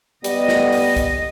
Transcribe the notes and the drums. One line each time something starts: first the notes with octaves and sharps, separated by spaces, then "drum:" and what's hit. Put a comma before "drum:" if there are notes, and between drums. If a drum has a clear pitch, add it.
G3 B3 D#5, drum: hi-hat
drum: snare
drum: open hi-hat
drum: kick, hi-hat